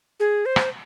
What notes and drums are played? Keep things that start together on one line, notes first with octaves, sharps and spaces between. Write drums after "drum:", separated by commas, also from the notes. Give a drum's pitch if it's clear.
G#4
C5
drum: rim click